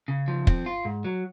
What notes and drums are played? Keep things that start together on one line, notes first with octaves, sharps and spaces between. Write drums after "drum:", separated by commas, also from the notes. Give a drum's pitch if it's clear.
C#3
F3
C4, drum: kick
F4
G#2
F#3